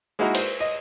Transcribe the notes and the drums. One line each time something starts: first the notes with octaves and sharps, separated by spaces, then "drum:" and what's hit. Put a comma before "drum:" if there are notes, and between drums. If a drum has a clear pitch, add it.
G#3 A#3 D#4 E4 F#4 A#4
C5, drum: cymbal
D#5